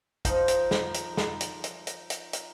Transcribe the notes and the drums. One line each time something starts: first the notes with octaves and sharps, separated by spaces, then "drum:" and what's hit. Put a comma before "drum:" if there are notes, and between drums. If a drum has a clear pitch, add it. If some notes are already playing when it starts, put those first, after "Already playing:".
F3 D#4, drum: kick, hi-hat
drum: hi-hat
drum: snare
drum: hi-hat
drum: snare
drum: hi-hat
drum: hi-hat
drum: hi-hat
drum: hi-hat
drum: hi-hat